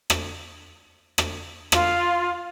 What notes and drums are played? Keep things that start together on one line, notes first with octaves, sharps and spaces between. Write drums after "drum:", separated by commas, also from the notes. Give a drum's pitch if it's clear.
drum: rim click
drum: rim click
F4, drum: rim click